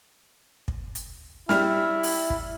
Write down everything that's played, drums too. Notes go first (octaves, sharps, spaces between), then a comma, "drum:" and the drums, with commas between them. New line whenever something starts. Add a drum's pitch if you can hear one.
drum: kick
drum: hi-hat
G3 E4 F6, drum: snare
drum: open hi-hat
drum: kick